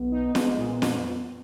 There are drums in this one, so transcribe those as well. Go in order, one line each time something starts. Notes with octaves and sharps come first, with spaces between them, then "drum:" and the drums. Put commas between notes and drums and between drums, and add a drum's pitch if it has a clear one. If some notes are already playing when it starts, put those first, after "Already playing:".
Already playing: B1 B3
D#4
G#3 B3, drum: snare
A#2
F2, drum: snare